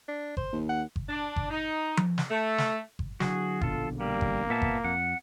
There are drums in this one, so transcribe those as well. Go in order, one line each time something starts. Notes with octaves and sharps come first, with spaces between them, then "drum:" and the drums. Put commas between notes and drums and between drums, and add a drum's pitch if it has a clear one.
D4
C5, drum: kick G1
D#2
F#5
drum: kick G1
D4
drum: kick G1
D#4
drum: tom F3
drum: snare
A3
drum: snare
drum: kick G1
D3 F#3 F#4 G#4, drum: snare
A#1 B2 D3 F4 A4, drum: kick G1
G3 A#3
drum: kick G1
A#2 B3 E5 A5
drum: kick G1
F2 F#5